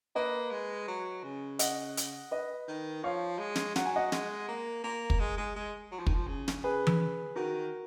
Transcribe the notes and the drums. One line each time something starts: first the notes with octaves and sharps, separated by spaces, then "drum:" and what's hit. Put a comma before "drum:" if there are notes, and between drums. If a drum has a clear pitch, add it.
A#3 B4 D#5
G#3
F#3
C#3
D#5 F#5, drum: hi-hat
drum: hi-hat
B4 D#5
D#3
F3 C#5 F5
G#3
drum: snare
F#3 F#5, drum: snare
G#5
D#5 F#5
G#3, drum: snare
A#3
A#3
drum: kick
G#3
G#3
G#3
F#3
F3
D#3, drum: kick
F3
C#3
drum: snare
G#4 B4
drum: tom E3
D#3 F#4 A#4